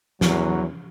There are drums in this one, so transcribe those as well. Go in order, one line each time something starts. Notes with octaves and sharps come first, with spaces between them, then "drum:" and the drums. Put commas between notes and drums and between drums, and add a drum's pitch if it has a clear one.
E2 F#3, drum: snare